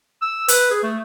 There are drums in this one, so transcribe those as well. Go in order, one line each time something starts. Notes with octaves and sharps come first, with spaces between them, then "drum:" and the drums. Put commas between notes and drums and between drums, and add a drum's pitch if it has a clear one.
E6
B4, drum: hi-hat
G#4
A3